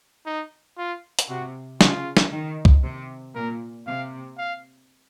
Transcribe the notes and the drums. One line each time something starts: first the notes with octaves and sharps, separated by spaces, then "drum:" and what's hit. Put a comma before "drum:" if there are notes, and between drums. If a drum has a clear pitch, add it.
D#4
F4
drum: hi-hat
C3 F#4
C#3 F4, drum: snare
drum: snare
D#3
drum: kick
C3
A#2 A#4
C3 F5
F5